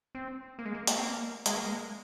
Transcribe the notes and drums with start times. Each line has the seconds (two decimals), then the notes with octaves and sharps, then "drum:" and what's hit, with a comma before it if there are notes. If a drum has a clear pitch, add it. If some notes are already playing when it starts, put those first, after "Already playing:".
0.15 C4
0.59 A#3
0.65 G#3
0.74 A#3
0.87 drum: hi-hat
0.98 C4
1.02 A#3
1.46 G#3, drum: hi-hat
1.57 A#3
1.66 G#3